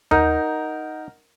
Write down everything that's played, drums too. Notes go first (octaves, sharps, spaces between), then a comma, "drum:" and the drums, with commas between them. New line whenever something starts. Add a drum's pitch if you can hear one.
D#4 A#4 D#5 F#5 G6, drum: tom D#2